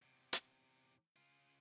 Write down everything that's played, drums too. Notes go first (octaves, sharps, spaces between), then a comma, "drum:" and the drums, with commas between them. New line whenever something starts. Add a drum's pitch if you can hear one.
E2 C3
drum: hi-hat
C#3 F4